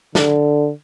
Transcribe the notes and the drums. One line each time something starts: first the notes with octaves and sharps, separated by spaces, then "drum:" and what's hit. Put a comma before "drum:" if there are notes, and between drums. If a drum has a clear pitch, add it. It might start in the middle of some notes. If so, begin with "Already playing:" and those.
D3, drum: snare